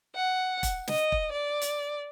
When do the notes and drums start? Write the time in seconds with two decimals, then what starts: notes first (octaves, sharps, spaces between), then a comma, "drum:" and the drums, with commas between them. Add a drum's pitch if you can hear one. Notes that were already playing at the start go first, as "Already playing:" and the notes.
0.14 F#5
0.63 drum: kick E1, hi-hat
0.87 D#5, drum: snare
1.12 drum: kick E1
1.32 D5
1.61 drum: hi-hat